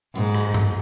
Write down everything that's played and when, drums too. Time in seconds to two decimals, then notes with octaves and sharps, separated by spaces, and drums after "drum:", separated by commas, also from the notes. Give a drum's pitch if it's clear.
0.15 G#2, drum: hi-hat
0.34 drum: rim click
0.54 drum: tom G2